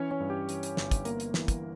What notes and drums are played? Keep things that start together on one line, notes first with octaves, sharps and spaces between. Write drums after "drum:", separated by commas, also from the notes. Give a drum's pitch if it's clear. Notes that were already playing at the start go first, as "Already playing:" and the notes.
Already playing: E3 C#4 C#5
C#4 C#5
G2
G4
E3, drum: hi-hat
drum: hi-hat
G1, drum: snare
drum: kick, hi-hat
A#3 B3 A#4, drum: hi-hat
drum: hi-hat
E3, drum: snare
drum: kick, hi-hat